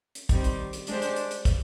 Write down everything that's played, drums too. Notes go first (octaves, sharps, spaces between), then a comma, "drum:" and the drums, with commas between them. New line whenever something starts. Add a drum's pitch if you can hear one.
drum: hi-hat
D#3 G3 C4, drum: kick, hi-hat
drum: hi-hat
drum: hi-hat
G#3 D4 G4 C5, drum: hi-hat
drum: hi-hat
drum: hi-hat
drum: hi-hat
drum: kick, hi-hat